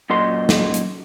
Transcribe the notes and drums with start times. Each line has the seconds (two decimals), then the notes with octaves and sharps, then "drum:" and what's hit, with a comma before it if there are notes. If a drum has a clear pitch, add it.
0.10 F#2 A#2 D#5 C6
0.49 drum: snare
0.74 drum: hi-hat